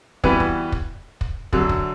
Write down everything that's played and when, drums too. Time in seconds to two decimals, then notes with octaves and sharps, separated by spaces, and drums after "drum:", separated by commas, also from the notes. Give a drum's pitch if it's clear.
0.24 E3 G3 B3 F#4 B4, drum: kick
0.40 drum: kick
0.72 drum: kick
1.21 drum: kick
1.53 F#2 D3 F#3, drum: kick
1.69 drum: kick